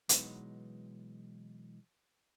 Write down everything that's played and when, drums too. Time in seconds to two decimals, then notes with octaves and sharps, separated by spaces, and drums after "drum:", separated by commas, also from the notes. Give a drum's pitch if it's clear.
0.09 B2 E3 F#3 G#3 B3 D#4, drum: hi-hat